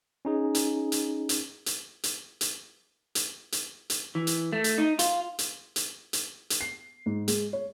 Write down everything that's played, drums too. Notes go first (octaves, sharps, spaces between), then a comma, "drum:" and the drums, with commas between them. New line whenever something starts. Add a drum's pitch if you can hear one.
C#4 D#4 G#4
drum: hi-hat
drum: hi-hat
drum: hi-hat
drum: hi-hat
drum: hi-hat
drum: hi-hat
drum: hi-hat
drum: hi-hat
drum: hi-hat
E3
drum: hi-hat
A3
drum: hi-hat
D#4
F4, drum: hi-hat
drum: hi-hat
drum: hi-hat
drum: hi-hat
drum: hi-hat
C7
G#2
G#3, drum: hi-hat
C#5